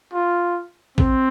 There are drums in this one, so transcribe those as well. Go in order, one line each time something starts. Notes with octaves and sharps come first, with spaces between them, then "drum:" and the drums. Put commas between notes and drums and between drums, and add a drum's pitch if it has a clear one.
F4
C4, drum: kick